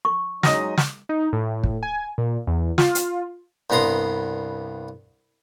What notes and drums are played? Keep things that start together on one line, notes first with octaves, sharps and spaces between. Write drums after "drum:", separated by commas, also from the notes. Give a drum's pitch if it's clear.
C#6
F#3 G#3 D#4 D#5 D#6 A#6, drum: snare
drum: snare
D#4
A2
drum: kick
G#5
A#2
E2
F4, drum: snare
drum: hi-hat
C2 G2 B3 A#5 C6 D#6